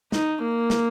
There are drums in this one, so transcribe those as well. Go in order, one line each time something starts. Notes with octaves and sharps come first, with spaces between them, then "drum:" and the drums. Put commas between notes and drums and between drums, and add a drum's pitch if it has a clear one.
D#4, drum: snare
A#3
drum: snare